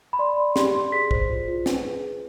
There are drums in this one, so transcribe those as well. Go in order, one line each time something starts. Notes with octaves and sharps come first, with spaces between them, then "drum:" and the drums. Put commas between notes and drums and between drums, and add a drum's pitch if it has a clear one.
B5
D5 C6
D5
G4 C6, drum: snare
D5
G#4 B6
C5, drum: kick
F4
F4
B4, drum: snare
G#4
G#4